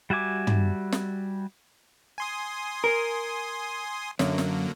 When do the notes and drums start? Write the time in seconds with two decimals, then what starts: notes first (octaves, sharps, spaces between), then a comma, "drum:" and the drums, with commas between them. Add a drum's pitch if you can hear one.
0.10 G3 F#4 E5 G#5 D6
0.47 drum: tom
0.92 drum: snare
2.18 G#5 C6 D#6
2.84 A#4
4.19 F#2 D3 F#3 A#3, drum: snare
4.38 drum: snare